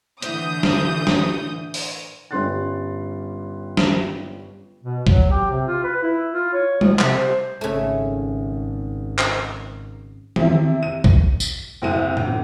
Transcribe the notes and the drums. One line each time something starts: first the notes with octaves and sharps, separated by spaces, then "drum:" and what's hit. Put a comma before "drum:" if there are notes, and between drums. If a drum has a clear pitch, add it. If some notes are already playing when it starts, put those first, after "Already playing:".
A2 D3 E3 D#6 G6, drum: hi-hat
drum: snare
drum: snare
drum: open hi-hat
G1 G3 C#4 C6 F#6 A6
drum: snare
B2
F#3, drum: kick A#1
G4
C3
F4
B4
E4
F4
C#5
F3, drum: tom G3
C3, drum: clap
C5
G#1 C#3 A3
drum: clap
C3 E4, drum: tom D#3
D#7
drum: kick A#1
drum: tambourine
F#1 C2 D#7
G1, drum: tom